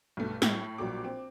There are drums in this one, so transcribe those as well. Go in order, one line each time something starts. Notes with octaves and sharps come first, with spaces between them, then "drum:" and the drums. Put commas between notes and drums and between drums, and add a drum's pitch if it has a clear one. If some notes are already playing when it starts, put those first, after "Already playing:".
B1 G2 A3
A2, drum: snare
A#1 F#3 G3 G4 D6
C4